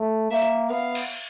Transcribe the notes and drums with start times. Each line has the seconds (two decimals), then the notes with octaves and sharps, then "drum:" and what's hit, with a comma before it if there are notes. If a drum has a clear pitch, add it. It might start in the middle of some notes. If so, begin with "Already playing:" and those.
Already playing: A3
0.31 A#3 E5
0.70 B3 F5
0.95 drum: cymbal